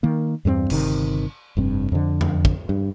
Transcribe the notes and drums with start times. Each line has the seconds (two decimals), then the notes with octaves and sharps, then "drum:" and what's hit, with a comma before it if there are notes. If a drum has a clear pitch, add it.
0.03 D#3 A#3
0.45 E2 G2 G#3 C4
0.70 G1 C3 D#3, drum: cymbal
1.57 F1 G2 C4
1.92 F2 D3
2.21 drum: tom E2
2.45 drum: kick
2.69 G2